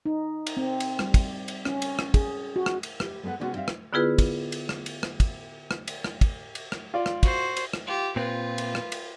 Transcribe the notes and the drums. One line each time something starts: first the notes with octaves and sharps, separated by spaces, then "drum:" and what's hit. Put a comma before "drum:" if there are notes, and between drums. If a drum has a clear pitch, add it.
D#4
drum: cymbal
C4
drum: cymbal
G3, drum: rim click
drum: kick, cymbal
drum: cymbal
C#4, drum: rim click
drum: cymbal
drum: rim click
G#4, drum: kick, cymbal
F#4
drum: rim click
drum: cymbal
G4 B4, drum: rim click
G#3 B3 A4 B4 F#5
C3 G3 G#3 B3 C#4 F#4
G3 C4 E5 F5
drum: rim click
D3 B3 E4 F4 G#4 B4
drum: kick, cymbal
drum: cymbal
drum: rim click
drum: cymbal
drum: rim click
drum: kick, cymbal
drum: rim click
drum: cymbal
drum: rim click
drum: kick, cymbal
drum: cymbal
drum: rim click
F4 D5
drum: rim click
F#4 C5, drum: kick, cymbal
drum: cymbal
drum: rim click
F4 G4
A#2 C4 F4 B4
drum: cymbal
drum: rim click
drum: cymbal